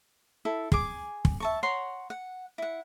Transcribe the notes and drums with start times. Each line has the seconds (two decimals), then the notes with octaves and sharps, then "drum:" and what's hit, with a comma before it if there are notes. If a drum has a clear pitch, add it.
0.45 E4 A4
0.72 G#4 G#5 D6, drum: kick
1.25 drum: kick
1.40 E5 A5 C#6
1.63 C#5 F#5 A#5 C6
2.10 F#5
2.58 E4 F#5